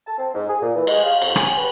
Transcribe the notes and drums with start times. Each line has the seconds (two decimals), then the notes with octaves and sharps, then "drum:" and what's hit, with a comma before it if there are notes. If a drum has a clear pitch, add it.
0.06 A5
0.18 C4
0.34 G#2
0.48 G#4
0.62 A#2
0.75 E3
0.87 G#3, drum: cymbal
1.04 F5
1.22 F2, drum: cymbal
1.36 G#5, drum: rim click
1.57 B4